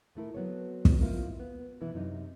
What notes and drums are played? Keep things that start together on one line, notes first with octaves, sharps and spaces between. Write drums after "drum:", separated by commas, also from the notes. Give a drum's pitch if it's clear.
A2 A3 E4 A#4
F#3 B3 C4 A4 C#5
drum: kick
G#3 A#3 C4 E4 F4 A#4
B3
B2 E3 B3 E4
F#2 C3 D#4